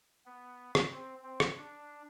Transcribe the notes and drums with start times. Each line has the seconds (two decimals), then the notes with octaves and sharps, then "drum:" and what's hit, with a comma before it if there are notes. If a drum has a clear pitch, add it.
0.26 B3
0.75 drum: rim click
0.92 C4
1.23 C4
1.40 drum: rim click
1.57 D4